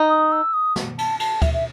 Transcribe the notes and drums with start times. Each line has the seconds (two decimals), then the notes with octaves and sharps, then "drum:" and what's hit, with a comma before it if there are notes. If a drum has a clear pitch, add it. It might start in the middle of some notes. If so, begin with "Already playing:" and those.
Already playing: D#4
0.10 D#6
0.32 E6
0.54 D#6
0.76 drum: snare
0.98 A5, drum: cymbal
1.20 A5, drum: cymbal
1.42 E5, drum: kick D2, cymbal
1.54 E5